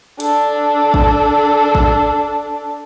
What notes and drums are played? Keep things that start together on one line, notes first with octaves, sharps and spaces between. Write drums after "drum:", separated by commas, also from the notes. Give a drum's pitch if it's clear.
D4 A4, drum: hi-hat
drum: kick G#1
drum: kick G#1